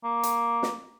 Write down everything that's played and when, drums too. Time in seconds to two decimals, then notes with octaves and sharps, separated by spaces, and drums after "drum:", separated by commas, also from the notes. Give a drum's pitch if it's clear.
0.04 A#3
0.23 drum: hi-hat
0.63 drum: snare